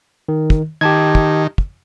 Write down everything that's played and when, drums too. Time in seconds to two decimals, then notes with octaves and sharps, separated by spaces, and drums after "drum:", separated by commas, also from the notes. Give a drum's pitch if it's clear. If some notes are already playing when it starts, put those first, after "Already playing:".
0.29 D#3
0.50 drum: kick
0.81 D#3 G4 A5 G#6
1.15 drum: kick
1.58 drum: kick